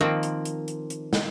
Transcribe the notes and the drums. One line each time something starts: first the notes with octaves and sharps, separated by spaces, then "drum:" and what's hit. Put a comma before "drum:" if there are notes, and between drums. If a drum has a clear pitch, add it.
D#3 F3 A#3 C4
drum: hi-hat
drum: hi-hat
drum: hi-hat
drum: hi-hat
drum: snare